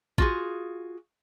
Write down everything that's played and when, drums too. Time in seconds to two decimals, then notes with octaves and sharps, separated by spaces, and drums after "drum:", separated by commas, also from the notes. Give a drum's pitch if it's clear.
0.18 F4 F#4 G#4, drum: kick A1